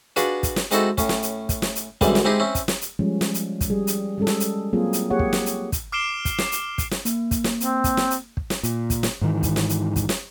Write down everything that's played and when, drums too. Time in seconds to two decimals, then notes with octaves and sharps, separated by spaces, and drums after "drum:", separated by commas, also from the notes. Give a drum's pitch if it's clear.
0.16 D4 F4 F#4 G#4 B4, drum: hi-hat
0.43 drum: kick, hi-hat
0.56 drum: snare
0.71 G#3 C4 D#4 E4 F#4 A4, drum: hi-hat
0.98 A2 C#4, drum: kick, hi-hat
1.09 drum: snare
1.22 drum: hi-hat
1.49 drum: kick, hi-hat
1.62 drum: snare
1.75 drum: hi-hat
2.01 C2 F#2 D3 E3 G3 G#3, drum: kick, hi-hat
2.15 drum: snare
2.25 G#3 C4 D#4 E4 G4 G#4
2.40 C4 C#4 E4
2.55 drum: kick, hi-hat
2.68 drum: snare
2.81 drum: hi-hat
2.99 F3 G3 G#3 C#4
3.21 drum: snare
3.34 drum: hi-hat
3.61 drum: kick, hi-hat
3.70 G3 G#4
3.87 drum: hi-hat
4.18 G3 G#3 C#4 G#4 A4
4.27 drum: snare
4.40 drum: hi-hat
4.73 F#3 A#3 C4 F4 G#4
4.93 drum: hi-hat
5.10 A#3 G4 G#4 C#5 F#5
5.19 drum: kick
5.33 drum: snare
5.46 drum: hi-hat
5.72 drum: kick, hi-hat
5.92 D6 F6 C7 D7 E7 G7
6.25 drum: kick, hi-hat
6.38 drum: snare
6.52 drum: hi-hat
6.78 drum: kick, hi-hat
6.91 drum: snare
7.05 A#3, drum: hi-hat
7.31 drum: kick, hi-hat
7.44 drum: snare
7.60 C4, drum: hi-hat
7.84 drum: kick, hi-hat
7.97 drum: snare
8.10 drum: hi-hat
8.37 drum: kick
8.50 drum: snare
8.63 A#2, drum: hi-hat
8.90 drum: kick, hi-hat
9.03 drum: snare
9.21 G#2 D#3 E3
9.43 drum: kick, hi-hat
9.56 drum: snare
9.69 drum: hi-hat
9.96 drum: kick, hi-hat
10.09 drum: snare